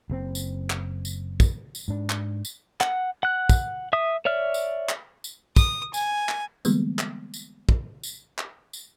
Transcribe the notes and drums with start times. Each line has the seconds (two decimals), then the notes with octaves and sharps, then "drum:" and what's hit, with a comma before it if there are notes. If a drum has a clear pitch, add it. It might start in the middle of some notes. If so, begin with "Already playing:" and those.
0.10 F#1 C3 C4
0.35 drum: tambourine
0.70 drum: clap
1.05 drum: tambourine
1.40 drum: kick, tambourine
1.75 drum: tambourine
1.88 G#2 D4
2.10 drum: clap
2.45 drum: tambourine
2.81 F#5, drum: clap
3.23 F#5 F#6
3.49 drum: kick, tambourine
3.93 E5 D#6
4.25 C#5 D5 E5 F6
4.54 drum: tambourine
4.89 drum: clap
5.24 drum: tambourine
5.56 D#6, drum: kick, tambourine
5.94 G#5, drum: tambourine
6.29 drum: clap
6.65 D3 E3 G3 G#3 A#3 B3, drum: tambourine
6.99 drum: clap
7.34 drum: tambourine
7.69 drum: kick
8.04 drum: tambourine
8.38 drum: clap
8.73 drum: tambourine